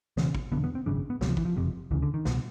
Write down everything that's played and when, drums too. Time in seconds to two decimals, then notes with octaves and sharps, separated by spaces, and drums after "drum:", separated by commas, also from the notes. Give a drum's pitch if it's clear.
0.17 E1 E2 C#3, drum: snare
0.35 drum: kick
0.52 E1 D#2 D3 B3
0.64 B3
0.75 C4
0.86 G#1 F#2 C#3 D4
1.10 B3
1.21 C#2 C3 F#3, drum: snare
1.29 F3
1.37 E3, drum: kick
1.45 F3
1.56 F#1 F2 C3
1.91 D2 C#3 E3
2.03 D3
2.14 D#3
2.25 C2 B2, drum: snare